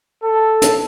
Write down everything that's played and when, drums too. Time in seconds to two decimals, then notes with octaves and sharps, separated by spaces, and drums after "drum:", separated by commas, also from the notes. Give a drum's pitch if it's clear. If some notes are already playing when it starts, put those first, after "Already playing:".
0.23 A4
0.62 drum: hi-hat